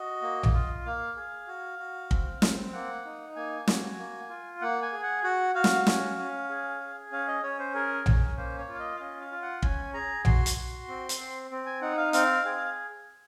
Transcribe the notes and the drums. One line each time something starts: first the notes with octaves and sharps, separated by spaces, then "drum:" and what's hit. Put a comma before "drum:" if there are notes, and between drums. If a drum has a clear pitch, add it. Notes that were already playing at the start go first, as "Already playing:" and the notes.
Already playing: F#4 D#5
A#3
drum: tom A#1
F4
A#3 F5
G#4
F#4
F#4
C4, drum: kick
C4, drum: snare
A#3 F#5
D#4
A#3 G#5
F#4, drum: snare
A#3
F4
A#3 F#5
G#5
G#4
F#5
F#4 F#5
F#4 F5
drum: snare
C#4, drum: snare
C#4
G#4
G#4
C#4 F5
D#5
C#4 C#5
C5
G#4 A#4
C#4, drum: tom A#1
A#3 C5
C#5
F4
F5
D#5
F5
C#4 D#5
F5
F4
F#5
C#4 G#5, drum: kick
G#4 A#5
F#4 C6, drum: tom A#1
drum: hi-hat
F#4
C4
drum: hi-hat
C4
C4
G#5
D#4 F#5
F5
C4 F5, drum: hi-hat
G#4